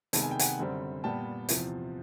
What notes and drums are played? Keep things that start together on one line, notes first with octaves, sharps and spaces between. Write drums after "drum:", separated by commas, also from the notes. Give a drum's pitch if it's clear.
C3 D#3 G#3 B3 A5, drum: hi-hat
G#5
G5
F#5 G#5, drum: hi-hat
F#2 D3 G3 C4
A#2 G3 B3 G5 A5
E2 C3 F3, drum: hi-hat